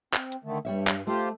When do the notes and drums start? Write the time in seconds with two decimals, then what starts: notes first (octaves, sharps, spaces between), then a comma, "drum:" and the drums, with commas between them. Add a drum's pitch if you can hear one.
0.14 C4, drum: clap
0.32 drum: hi-hat
0.44 D3 D#3 A3
0.65 G2 G3 C#5 E5
0.87 drum: clap
1.07 A3 F4 G4 C5